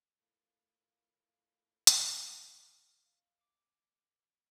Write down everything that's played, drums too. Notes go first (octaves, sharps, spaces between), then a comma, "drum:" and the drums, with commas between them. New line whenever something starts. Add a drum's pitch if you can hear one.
A2 A#3 F4
drum: hi-hat
A#6
F6
F5
D6